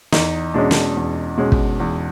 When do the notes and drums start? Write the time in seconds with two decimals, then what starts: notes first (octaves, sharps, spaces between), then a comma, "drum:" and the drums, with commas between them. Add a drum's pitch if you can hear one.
0.12 E2 D#4, drum: snare
0.54 B2 G#3 C#4 D4
0.71 D4, drum: snare
0.97 E2
1.37 B2 G#3 C#4
1.52 drum: kick
1.80 E2